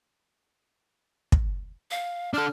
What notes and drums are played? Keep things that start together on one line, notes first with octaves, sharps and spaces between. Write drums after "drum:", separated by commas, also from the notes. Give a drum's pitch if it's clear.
drum: kick
F5
D4 A4 F6